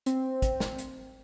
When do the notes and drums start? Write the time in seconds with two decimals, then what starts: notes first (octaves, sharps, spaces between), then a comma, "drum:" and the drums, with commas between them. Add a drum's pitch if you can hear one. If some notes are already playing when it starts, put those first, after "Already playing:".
0.06 C4, drum: hi-hat
0.42 drum: kick, hi-hat
0.60 drum: snare
0.78 drum: hi-hat